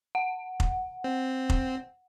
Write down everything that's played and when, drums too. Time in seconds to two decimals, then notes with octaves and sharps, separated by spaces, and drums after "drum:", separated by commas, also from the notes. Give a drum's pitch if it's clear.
0.15 F#5
0.60 drum: kick F1
1.04 C4
1.50 drum: kick F1